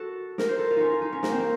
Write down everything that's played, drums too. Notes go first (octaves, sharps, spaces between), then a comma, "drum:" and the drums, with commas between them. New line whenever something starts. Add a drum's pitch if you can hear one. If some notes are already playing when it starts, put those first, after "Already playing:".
Already playing: F#4 A4
A#4, drum: snare
C5
A4
F4
C#4 D#4
F4
D#4
C#4
A#3, drum: snare
C4
A#3